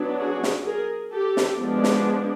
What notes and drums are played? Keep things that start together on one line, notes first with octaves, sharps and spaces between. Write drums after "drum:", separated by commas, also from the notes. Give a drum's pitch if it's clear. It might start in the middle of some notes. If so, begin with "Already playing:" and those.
Already playing: F#3 B3 D4
F#4 G#4
drum: snare
G#4 A#4
G4 A4
drum: snare
F3 G#3 B3 D4
drum: snare